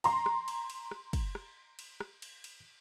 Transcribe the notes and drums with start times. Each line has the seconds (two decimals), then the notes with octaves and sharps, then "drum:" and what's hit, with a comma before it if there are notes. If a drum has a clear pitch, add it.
0.04 A#5 C6, drum: cymbal
0.26 drum: rim click
0.48 drum: cymbal
0.70 drum: cymbal
0.91 drum: rim click
1.13 drum: kick, cymbal
1.35 drum: rim click
1.79 drum: cymbal
2.00 drum: rim click
2.22 drum: cymbal
2.44 drum: cymbal